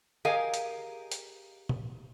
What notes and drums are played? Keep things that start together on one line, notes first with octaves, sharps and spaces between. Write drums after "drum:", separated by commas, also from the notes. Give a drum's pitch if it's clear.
G4 G#4 A#4 D#5 F5 G#5
drum: hi-hat
drum: hi-hat
drum: tom A#2